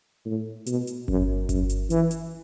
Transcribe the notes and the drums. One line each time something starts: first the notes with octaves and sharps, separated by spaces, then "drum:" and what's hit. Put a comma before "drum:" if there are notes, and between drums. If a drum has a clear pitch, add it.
A2
B2, drum: hi-hat
drum: hi-hat
F#2, drum: kick G1
F#2, drum: kick G1, hi-hat
drum: hi-hat
E3, drum: hi-hat
drum: hi-hat